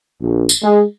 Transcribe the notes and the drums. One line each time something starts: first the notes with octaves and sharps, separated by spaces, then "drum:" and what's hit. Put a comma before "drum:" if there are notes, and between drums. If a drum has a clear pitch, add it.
A#1
drum: tambourine
G#3